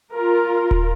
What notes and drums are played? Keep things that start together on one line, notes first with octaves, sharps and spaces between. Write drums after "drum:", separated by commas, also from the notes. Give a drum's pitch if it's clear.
F4 A#4
drum: kick D#1